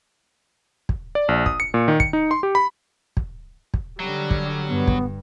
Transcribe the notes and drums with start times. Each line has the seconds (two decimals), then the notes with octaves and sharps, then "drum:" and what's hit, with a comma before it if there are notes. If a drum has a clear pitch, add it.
0.89 drum: kick
1.15 D5
1.29 A#1
1.46 D#6, drum: kick
1.60 C#7
1.74 A#2
1.88 D#3
2.00 C#7, drum: kick
2.13 D#4
2.31 C6
2.43 G4
2.55 B5
3.17 drum: kick
3.74 drum: kick
4.00 D3 F#3 G3
4.31 drum: kick
4.68 G2 B3
4.87 drum: kick